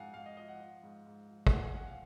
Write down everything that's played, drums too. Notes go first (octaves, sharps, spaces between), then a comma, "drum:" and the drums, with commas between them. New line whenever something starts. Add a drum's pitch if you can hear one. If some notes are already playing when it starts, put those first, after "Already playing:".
Already playing: G#2 F3 F5 F#5 G#5
G#2 F5
D#5
F3 D#5
F#5
F3
G#2
G#2
F3
G#5, drum: kick
F3 F#5
G#5
F2 F#5
F5